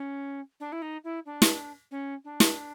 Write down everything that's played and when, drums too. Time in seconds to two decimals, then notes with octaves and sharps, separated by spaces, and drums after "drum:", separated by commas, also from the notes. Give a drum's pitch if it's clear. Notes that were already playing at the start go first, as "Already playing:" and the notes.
Already playing: C#4
0.60 D4
0.72 E4
0.82 D#4
1.04 E4
1.25 D4
1.42 drum: snare
1.91 C#4
2.24 D4
2.40 drum: snare